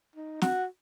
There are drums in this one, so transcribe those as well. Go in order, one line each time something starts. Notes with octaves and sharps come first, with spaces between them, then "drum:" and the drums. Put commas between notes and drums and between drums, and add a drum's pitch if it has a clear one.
D#4
F#4, drum: snare